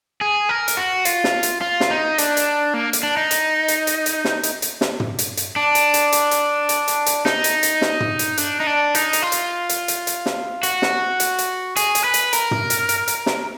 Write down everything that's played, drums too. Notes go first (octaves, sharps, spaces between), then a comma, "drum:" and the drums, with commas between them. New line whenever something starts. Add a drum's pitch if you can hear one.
G#4
A#4
drum: hi-hat
F#4
F4, drum: hi-hat
drum: snare
drum: hi-hat
F4
drum: snare
D#4
D4, drum: hi-hat
drum: hi-hat
A#3
drum: hi-hat
D4
D#4
drum: hi-hat
drum: hi-hat
drum: hi-hat
drum: hi-hat
drum: snare
drum: hi-hat
drum: hi-hat
drum: snare
drum: tom
drum: hi-hat
drum: hi-hat
D4
drum: hi-hat
drum: hi-hat
drum: hi-hat
drum: hi-hat
drum: hi-hat
drum: hi-hat
drum: hi-hat
D#4, drum: snare
drum: hi-hat
drum: hi-hat
drum: snare
drum: tom
drum: hi-hat
D4, drum: hi-hat
D#4
D4
D#4, drum: hi-hat
drum: hi-hat
F4
drum: hi-hat
drum: hi-hat
drum: hi-hat
drum: hi-hat
drum: snare
F#4, drum: hi-hat
drum: snare
drum: hi-hat
drum: hi-hat
G#4, drum: hi-hat
drum: hi-hat
B4
drum: hi-hat
A#4, drum: hi-hat
drum: tom
drum: hi-hat
drum: hi-hat
drum: hi-hat
drum: snare